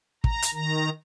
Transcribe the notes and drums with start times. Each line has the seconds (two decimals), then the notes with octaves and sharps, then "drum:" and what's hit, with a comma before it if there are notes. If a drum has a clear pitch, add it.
0.24 A#5, drum: kick
0.42 drum: hi-hat
0.53 D#3 A#5